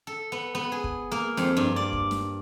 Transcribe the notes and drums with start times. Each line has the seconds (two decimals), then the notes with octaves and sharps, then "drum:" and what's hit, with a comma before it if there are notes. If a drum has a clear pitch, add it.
0.07 A4
0.32 B3
0.55 B3
0.72 G#4
0.84 drum: kick
1.12 A#3
1.37 F2, drum: snare
1.57 G2
1.76 D5
1.93 drum: kick
2.11 drum: snare